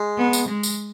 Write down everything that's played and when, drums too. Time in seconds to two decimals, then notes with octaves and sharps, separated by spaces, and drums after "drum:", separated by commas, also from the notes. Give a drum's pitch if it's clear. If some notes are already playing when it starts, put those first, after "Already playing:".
Already playing: G#3
0.18 B3
0.33 drum: tambourine
0.48 G#3
0.63 drum: tambourine